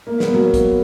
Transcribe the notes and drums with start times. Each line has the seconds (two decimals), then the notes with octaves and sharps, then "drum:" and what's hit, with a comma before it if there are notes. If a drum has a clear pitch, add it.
0.07 A#3
0.20 B3, drum: snare
0.34 F#3 A#3
0.54 drum: kick, hi-hat